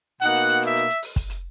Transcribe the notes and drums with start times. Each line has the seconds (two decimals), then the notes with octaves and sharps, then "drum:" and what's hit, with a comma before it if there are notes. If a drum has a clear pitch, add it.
0.22 B2 A#3 D#4 F#5, drum: hi-hat
0.35 drum: hi-hat
0.49 drum: hi-hat
0.62 E5, drum: hi-hat
0.76 drum: hi-hat
0.89 drum: hi-hat
1.03 drum: open hi-hat
1.16 drum: kick, hi-hat
1.30 drum: hi-hat